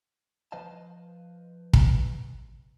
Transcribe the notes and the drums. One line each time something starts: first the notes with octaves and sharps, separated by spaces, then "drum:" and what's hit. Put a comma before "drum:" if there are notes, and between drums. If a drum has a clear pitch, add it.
F3 B4 C5 D#5 F5 A5
drum: kick